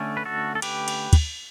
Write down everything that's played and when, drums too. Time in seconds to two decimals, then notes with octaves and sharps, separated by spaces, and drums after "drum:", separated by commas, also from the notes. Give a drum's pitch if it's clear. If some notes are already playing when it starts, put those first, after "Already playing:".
Already playing: D3 A3 C#4
0.17 B4
0.26 F#4 A4
0.55 A4
0.62 G4 B4, drum: cymbal
0.88 drum: cymbal
1.13 drum: kick, cymbal